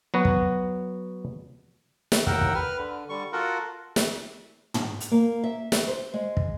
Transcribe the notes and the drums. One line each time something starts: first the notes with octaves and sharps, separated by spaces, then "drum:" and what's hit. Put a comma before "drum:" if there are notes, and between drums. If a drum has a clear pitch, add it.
F#3 B3 F#4
drum: kick
drum: snare
D#2 A2 A#4 F#5 G5 E6, drum: kick
drum: kick
B4 F6
D3
D3 G3 C#6
F4 F#4 A4 A#4 F#5
drum: snare
drum: tom
drum: hi-hat
A#3
E5
drum: snare
C5
G#3
drum: kick